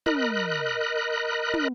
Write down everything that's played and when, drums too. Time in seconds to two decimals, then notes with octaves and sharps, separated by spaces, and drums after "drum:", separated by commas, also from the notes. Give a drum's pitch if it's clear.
0.06 A#4 D#5 B5 F#6, drum: tom
1.54 drum: tom